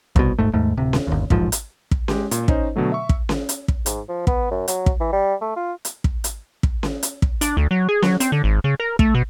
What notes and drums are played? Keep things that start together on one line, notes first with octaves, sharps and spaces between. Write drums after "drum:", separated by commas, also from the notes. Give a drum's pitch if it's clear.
C2 B2, drum: kick
D#1 G#2 A3
D#2 G#2 A3
D1 C3
drum: snare C#4
G1 D#2
D#1 A1 G#2 F3, drum: kick
drum: hi-hat
drum: kick
G#3 G4, drum: snare C#4
A#2, drum: hi-hat
C#4 D#4 C5 C#5 D#5, drum: kick
B2 D3 F#3 A3
E5 C#6
drum: kick
drum: snare C#4
drum: hi-hat
drum: kick
G#2, drum: hi-hat
F3
B3, drum: kick
F#2
F#3, drum: hi-hat
drum: kick
E3
G3
A3
F4
drum: hi-hat
drum: kick
drum: hi-hat
drum: kick
drum: snare C#4
drum: hi-hat
drum: kick
D4, drum: hi-hat
D2
F#3
G#4
F#3, drum: snare C#4
C4, drum: hi-hat
D3
G#1
C#3
A#4
A3, drum: kick
B2